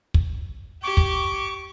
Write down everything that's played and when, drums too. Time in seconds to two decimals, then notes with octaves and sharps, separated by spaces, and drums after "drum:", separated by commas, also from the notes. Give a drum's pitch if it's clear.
0.14 drum: kick
0.83 G4 C#6 D6
0.97 drum: kick